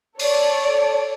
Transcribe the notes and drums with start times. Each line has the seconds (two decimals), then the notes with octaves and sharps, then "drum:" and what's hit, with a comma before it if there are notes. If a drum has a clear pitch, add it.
0.19 A4 C#5 D5, drum: open hi-hat